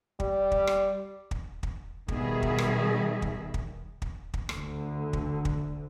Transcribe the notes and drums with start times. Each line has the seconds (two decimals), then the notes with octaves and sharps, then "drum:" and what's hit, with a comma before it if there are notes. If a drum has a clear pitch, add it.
0.20 G3, drum: kick
0.51 drum: kick
0.67 drum: rim click
1.31 drum: kick
1.63 drum: kick
2.08 B2 D#3 G3 G#4 E5, drum: kick
2.43 drum: kick
2.58 drum: rim click
3.22 drum: kick
3.54 drum: kick
4.02 drum: kick
4.34 drum: kick
4.49 D2 D3, drum: rim click
5.13 drum: kick
5.45 drum: kick